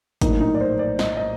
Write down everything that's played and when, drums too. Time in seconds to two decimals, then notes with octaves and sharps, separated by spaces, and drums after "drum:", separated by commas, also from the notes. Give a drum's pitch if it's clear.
0.21 A#1 A2 F#3 A#3 D#4, drum: kick, hi-hat
0.40 D#4
0.54 D5
0.61 C5
0.79 D5
0.99 D#5, drum: snare
1.17 D#5